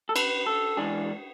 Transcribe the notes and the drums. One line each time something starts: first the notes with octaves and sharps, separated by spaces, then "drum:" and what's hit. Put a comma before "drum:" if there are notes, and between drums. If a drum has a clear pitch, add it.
A4
B4, drum: cymbal
A4
E3 G#3 D4 G#4